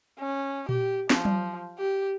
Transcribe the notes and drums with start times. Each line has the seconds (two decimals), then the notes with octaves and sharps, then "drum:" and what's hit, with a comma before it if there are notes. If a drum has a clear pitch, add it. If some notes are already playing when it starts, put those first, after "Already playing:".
0.19 C#4
0.69 G4, drum: tom A#2
1.10 F3, drum: snare
1.25 drum: tom F#3
1.78 G4